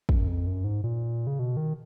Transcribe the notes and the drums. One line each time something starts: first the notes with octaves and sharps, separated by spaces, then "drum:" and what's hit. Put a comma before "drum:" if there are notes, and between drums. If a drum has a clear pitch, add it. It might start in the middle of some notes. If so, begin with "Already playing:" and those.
F#2, drum: kick
F2
F#2
G#2
A#2
C#3
B2
D#3